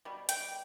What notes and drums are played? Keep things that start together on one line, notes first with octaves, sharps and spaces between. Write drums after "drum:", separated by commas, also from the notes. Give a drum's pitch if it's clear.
B2 G3
G5, drum: hi-hat